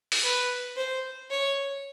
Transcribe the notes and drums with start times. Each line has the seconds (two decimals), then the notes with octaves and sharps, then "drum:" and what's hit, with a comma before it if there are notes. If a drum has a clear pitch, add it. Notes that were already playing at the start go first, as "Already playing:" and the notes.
0.12 drum: open hi-hat
0.24 B4
0.76 C5
1.31 C#5